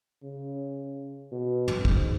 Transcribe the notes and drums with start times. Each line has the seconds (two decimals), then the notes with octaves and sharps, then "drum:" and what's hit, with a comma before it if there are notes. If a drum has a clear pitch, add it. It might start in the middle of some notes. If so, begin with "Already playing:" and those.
0.23 C#3
1.32 B2
1.68 drum: tom
1.85 G#2, drum: kick